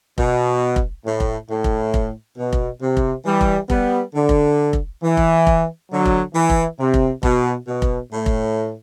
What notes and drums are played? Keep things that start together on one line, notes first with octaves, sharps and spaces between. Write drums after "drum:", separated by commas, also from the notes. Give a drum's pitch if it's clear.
B2, drum: kick F1
drum: kick F1
A2
drum: kick F1
A2
drum: kick F1
drum: kick F1
B2
drum: kick F1
C3
drum: kick F1
E3 G3
drum: kick F1
G3 B3, drum: kick F1
D3
drum: kick F1
drum: kick F1
E3
drum: kick F1
drum: kick F1
D3 F#3
drum: kick F1
E3
drum: kick F1
C3
drum: kick F1
B2, drum: kick F1
B2
drum: kick F1
A2
drum: kick F1